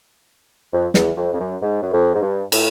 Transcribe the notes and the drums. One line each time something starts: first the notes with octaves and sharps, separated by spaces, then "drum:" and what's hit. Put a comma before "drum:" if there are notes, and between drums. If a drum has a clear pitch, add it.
F2
E2, drum: snare
F2
F2
F#2
G#2
F#2
F2
G#2
G2
A2, drum: cymbal